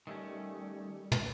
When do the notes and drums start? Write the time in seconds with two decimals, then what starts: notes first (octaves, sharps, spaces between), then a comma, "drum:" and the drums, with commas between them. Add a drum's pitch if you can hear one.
0.07 D#3 G3 A3 C#4
1.12 drum: tom